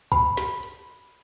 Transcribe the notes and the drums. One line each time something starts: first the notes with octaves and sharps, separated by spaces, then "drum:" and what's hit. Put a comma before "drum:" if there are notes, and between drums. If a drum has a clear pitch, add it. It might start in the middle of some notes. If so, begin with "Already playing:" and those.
B5, drum: kick, hi-hat
drum: snare
drum: hi-hat